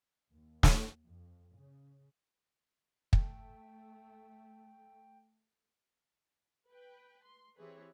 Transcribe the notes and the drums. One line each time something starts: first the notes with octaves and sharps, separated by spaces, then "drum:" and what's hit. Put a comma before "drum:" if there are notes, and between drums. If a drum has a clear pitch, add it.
D#2
drum: snare
F2
C#3
A3 G5, drum: kick
B4 G5
C6
E3 C4 G4 G#4 B4 C#5